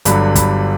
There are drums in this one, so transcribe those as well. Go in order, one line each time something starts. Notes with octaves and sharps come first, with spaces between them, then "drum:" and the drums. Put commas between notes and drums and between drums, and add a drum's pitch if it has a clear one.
G1 G2 D3 F#3 B5, drum: hi-hat
B5, drum: kick, hi-hat